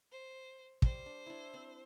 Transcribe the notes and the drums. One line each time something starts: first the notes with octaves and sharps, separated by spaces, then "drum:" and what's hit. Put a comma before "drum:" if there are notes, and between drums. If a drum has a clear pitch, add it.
C5
G3 G4 C5, drum: kick
D4
D4 E4
C4